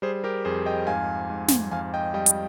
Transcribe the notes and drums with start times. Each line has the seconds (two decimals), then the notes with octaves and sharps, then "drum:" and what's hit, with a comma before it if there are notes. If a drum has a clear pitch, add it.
0.02 G3 G#4 C5
0.24 G4 A#4
0.45 F2 G#4 C5
0.66 D#5 G5
0.87 G#2 F5 G#5
1.30 G#2
1.48 drum: snare
1.71 F2 F5 G#5
1.94 D#5 G5
2.14 G3 D#5 G5
2.26 drum: hi-hat